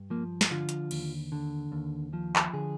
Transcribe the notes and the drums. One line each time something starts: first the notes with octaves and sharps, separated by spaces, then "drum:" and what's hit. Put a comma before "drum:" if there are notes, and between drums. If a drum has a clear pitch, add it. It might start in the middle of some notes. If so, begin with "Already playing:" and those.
Already playing: G2
F3 A#3
drum: snare
D3 F4
drum: hi-hat
D#2, drum: cymbal
D3
D#2
F3
drum: clap
D3 G#4